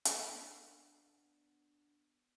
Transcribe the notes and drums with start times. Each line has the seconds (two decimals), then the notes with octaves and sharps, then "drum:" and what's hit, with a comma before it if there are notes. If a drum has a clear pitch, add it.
0.05 B3 D4, drum: hi-hat